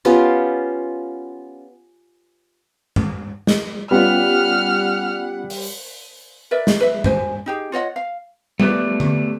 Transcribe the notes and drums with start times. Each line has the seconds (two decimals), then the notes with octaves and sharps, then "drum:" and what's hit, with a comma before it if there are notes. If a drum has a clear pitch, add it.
0.05 B3 C#4 F4 G4
2.96 drum: tom G2
3.47 drum: snare
3.91 G3 B3 C#4 F4 F#5 F6
5.50 drum: open hi-hat
6.51 A#4 B4 D5 E5
6.67 drum: snare
6.80 B4 E5
7.04 F#4 C5 G#5, drum: tom G2
7.46 D#4 G4 G#4
7.72 F4 C#5 D#5 F#5
7.96 F5
8.60 A3 B3 G4 B4 D5, drum: tom G3
9.00 drum: tom D3